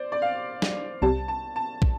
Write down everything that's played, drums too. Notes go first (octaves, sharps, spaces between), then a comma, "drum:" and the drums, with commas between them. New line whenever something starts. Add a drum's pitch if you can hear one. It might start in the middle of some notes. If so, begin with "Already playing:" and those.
Already playing: C5 D5
D5
F5
drum: snare
C2 C3 G3 A5
A5
A5
drum: kick